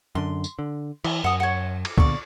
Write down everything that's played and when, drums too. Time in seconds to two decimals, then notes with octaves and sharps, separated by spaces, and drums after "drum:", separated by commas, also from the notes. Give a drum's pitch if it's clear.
0.15 F#2 D3 C6
0.44 drum: tambourine
0.59 D3
1.04 E3, drum: cymbal
1.24 F#2 F#5 D#6
1.40 C#5 F#5
1.85 drum: cymbal
1.98 A#2 D3 B3 D5 C#6, drum: kick